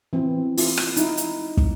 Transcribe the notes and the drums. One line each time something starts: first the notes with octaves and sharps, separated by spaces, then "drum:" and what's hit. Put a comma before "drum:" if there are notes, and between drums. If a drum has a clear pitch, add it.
E3 C4
E4 F4, drum: open hi-hat
drum: rim click
D#4 E4, drum: hi-hat
drum: hi-hat
drum: kick